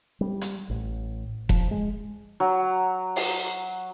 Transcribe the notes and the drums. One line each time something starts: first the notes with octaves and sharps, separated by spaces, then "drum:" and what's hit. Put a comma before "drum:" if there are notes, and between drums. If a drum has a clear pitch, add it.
G3
drum: hi-hat
A1
F3, drum: kick E1
G#3
F#3
drum: open hi-hat